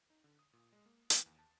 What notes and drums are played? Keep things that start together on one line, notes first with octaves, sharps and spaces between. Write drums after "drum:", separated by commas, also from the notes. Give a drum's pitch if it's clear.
D#4
D3
D#6
A#2
G#3
A#3
E3, drum: hi-hat
D#2
A5